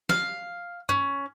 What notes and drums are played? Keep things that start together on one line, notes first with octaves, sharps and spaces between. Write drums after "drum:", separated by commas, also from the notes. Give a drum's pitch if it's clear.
F5, drum: snare
C#4, drum: tom G2